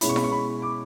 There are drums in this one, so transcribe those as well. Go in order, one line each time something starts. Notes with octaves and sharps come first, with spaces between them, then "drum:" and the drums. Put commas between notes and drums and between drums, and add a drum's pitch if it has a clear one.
B2 G#3 C#4 E4 B5, drum: hi-hat
C#6
B5, drum: snare E4
C#6
B5
D6